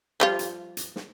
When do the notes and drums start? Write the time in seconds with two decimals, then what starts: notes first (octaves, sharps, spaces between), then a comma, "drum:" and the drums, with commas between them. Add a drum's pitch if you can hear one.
0.20 F3 G3 F4
0.39 drum: hi-hat
0.77 drum: hi-hat
0.96 drum: snare